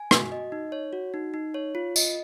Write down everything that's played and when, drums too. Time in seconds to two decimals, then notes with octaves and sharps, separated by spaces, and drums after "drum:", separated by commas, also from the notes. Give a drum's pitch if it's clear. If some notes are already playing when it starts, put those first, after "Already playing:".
Already playing: G#5
0.11 F#4, drum: rim click
0.32 D#5
0.52 D#4
0.72 C#5
0.93 F#4
1.14 D#4
1.34 D#4
1.54 C#5
1.75 F4
1.96 D#5, drum: tambourine